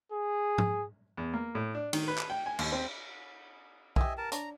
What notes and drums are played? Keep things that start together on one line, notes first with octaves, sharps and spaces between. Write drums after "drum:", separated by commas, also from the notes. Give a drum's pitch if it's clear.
G#4
drum: tom
E2
A#3
A2
D4
D#3, drum: cymbal
B4
drum: clap
G5
G#5
D#2, drum: cymbal
C4
E3 G4 D#5 E5 G#5, drum: kick B1
A#4 A5
D4 C#5 A#5, drum: hi-hat